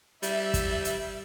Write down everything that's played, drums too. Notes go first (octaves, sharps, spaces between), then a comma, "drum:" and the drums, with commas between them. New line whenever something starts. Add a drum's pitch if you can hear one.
G3 E5 E6, drum: hi-hat
drum: kick, hi-hat
drum: hi-hat